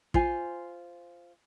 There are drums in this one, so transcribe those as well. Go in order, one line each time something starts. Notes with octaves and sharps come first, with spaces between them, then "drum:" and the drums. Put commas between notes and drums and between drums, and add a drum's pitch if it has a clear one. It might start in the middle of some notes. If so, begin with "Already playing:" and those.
F4 C5 G#5, drum: kick